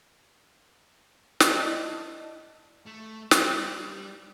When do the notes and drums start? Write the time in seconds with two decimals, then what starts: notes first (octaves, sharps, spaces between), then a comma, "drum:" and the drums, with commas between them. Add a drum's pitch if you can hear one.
1.40 E4 D5 D#5 A5, drum: snare
2.87 A3
3.31 G3, drum: snare